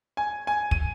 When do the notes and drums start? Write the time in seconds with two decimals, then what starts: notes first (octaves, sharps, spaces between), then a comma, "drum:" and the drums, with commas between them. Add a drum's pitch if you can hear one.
0.17 G#5
0.47 G#5
0.71 D#7, drum: kick